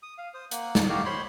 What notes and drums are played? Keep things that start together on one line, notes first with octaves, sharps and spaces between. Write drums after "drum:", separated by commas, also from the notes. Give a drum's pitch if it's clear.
D#6
F5
C5 D#6
A#3 F#5, drum: hi-hat
drum: snare
D#4 F#4 G4 F5
C5 C#5 B5 C6